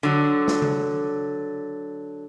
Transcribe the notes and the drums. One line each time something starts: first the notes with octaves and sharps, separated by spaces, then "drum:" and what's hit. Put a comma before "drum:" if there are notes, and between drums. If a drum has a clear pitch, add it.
D3 F#3
drum: snare
drum: tom C#3